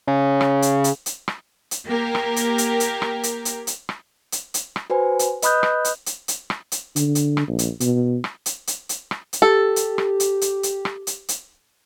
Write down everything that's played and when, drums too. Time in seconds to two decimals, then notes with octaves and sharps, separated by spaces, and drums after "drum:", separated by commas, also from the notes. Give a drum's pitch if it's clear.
0.07 C#3
0.41 drum: rim click
0.62 drum: hi-hat
0.84 drum: hi-hat
1.06 drum: hi-hat
1.28 drum: rim click
1.71 drum: hi-hat
1.87 A#3 G4 A#4
2.15 drum: rim click
2.36 drum: hi-hat
2.58 drum: hi-hat
2.80 drum: hi-hat
3.02 drum: rim click
3.23 drum: hi-hat
3.45 drum: hi-hat
3.67 drum: hi-hat
3.89 drum: rim click
4.32 drum: hi-hat
4.54 drum: hi-hat
4.76 drum: rim click
4.90 F#4 B4 C5 G#5
5.19 drum: hi-hat
5.42 B4 D#5 B5 D#6 F#6 G6, drum: hi-hat
5.63 drum: rim click
5.85 drum: hi-hat
6.06 drum: hi-hat
6.28 drum: hi-hat
6.50 drum: rim click
6.72 drum: hi-hat
6.96 D3, drum: hi-hat
7.15 drum: hi-hat
7.37 drum: rim click
7.48 A#1
7.59 drum: hi-hat
7.80 B2, drum: hi-hat
8.24 drum: rim click
8.46 drum: hi-hat
8.67 drum: hi-hat
8.89 drum: hi-hat
9.11 drum: rim click
9.33 drum: hi-hat
9.42 G4 A4
9.76 drum: hi-hat
9.98 drum: rim click
10.20 drum: hi-hat
10.41 drum: hi-hat
10.63 drum: hi-hat
10.85 drum: rim click
11.07 drum: hi-hat
11.29 drum: hi-hat